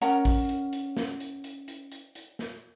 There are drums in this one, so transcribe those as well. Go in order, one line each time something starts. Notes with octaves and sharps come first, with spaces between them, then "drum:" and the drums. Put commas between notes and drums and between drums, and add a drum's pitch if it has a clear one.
C#4 A#4 F#5 A#5, drum: hi-hat
drum: kick, open hi-hat
drum: hi-hat
drum: hi-hat
drum: snare
drum: hi-hat
drum: hi-hat
drum: hi-hat
drum: hi-hat
drum: hi-hat
drum: snare